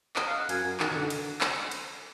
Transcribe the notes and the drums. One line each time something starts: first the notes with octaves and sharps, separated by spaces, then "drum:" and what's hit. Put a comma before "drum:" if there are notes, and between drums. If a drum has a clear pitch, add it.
D#5, drum: clap
F5
F#5
F#2 G#5, drum: cymbal
F#2
D#3 F#5, drum: clap
B2
D3
drum: cymbal
drum: clap
drum: cymbal